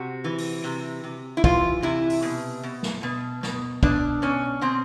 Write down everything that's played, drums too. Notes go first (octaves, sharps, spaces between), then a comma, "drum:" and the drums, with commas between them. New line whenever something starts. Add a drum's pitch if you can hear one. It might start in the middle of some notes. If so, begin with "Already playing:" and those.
Already playing: C3 F#4
E3
drum: open hi-hat
C3
C3
E4
E3 F4, drum: kick
C3 E4
drum: open hi-hat
B2
B2
drum: snare
B2
B2, drum: snare
B2 D4, drum: kick
B2 C#4
B2 C4